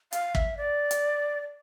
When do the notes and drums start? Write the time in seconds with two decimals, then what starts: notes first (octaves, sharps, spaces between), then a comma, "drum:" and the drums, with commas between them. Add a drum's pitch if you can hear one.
0.13 F5, drum: hi-hat
0.35 E5, drum: kick
0.57 D5
0.91 drum: hi-hat